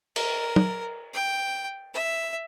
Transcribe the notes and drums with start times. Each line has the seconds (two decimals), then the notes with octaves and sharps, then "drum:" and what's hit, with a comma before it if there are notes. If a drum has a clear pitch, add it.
0.16 A#4, drum: cymbal
0.56 drum: tom
1.14 G5
1.94 E5